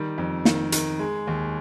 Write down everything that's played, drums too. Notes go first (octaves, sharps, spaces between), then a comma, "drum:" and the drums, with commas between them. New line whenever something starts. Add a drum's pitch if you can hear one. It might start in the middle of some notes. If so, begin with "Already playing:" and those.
Already playing: D#3 G3
F2
D#3, drum: snare
D#3, drum: hi-hat
G#3
D#2